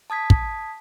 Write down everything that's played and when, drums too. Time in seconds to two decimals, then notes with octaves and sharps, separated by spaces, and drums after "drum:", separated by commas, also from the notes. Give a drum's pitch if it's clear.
0.10 A5 D#6 G#6 B6
0.30 drum: kick